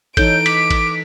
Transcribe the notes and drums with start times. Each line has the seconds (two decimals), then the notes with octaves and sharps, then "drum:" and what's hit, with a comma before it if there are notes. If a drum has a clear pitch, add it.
0.17 E3 D#4 A4 C#5 G6 D7, drum: kick A1, cymbal
0.46 D6 B6, drum: cymbal
0.70 drum: kick A1, cymbal